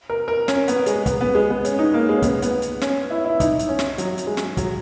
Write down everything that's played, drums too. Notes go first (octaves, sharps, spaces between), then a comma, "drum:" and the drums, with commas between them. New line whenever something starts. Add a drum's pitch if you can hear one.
A#4
A#4
C#4, drum: snare
B3, drum: hi-hat
G#3, drum: hi-hat
B3, drum: kick, hi-hat
B3
G#3
B3
C#4, drum: hi-hat
D#4
A#3
G#3
C#4
B3, drum: kick, hi-hat
B3, drum: hi-hat
drum: hi-hat
C#4, drum: snare
E4
E4
D#4, drum: kick, hi-hat
drum: hi-hat
C#4
drum: snare
F#3, drum: hi-hat
drum: hi-hat
G#3
drum: snare
F#3, drum: kick, hi-hat